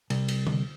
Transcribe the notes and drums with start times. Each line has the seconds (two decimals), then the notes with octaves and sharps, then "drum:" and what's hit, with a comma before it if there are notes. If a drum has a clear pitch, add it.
0.10 C2, drum: cymbal
0.28 drum: cymbal
0.47 drum: tom D3